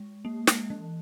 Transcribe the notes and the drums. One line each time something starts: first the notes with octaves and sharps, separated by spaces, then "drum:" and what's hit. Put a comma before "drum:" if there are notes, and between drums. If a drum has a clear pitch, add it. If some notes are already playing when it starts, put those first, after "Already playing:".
Already playing: G#3
A#3
drum: snare
E3